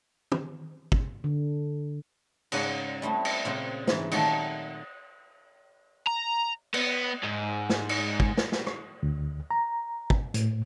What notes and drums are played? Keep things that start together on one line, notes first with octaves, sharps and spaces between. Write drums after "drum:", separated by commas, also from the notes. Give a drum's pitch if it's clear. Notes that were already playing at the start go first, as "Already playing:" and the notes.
drum: tom
drum: kick
D3
G#2 C#3 G#4 A#4 F#5 G#5, drum: cymbal
G3 A3 C4 E4
drum: cymbal
A#2 C#3 C4
G#2 E3, drum: snare
A#2 D#3 F#3 A3 G4 A4, drum: cymbal
A#5
B3, drum: cymbal
G#2
drum: snare
drum: cymbal
drum: kick
drum: snare
drum: snare
drum: rim click
D2
A#5
drum: kick
A2, drum: hi-hat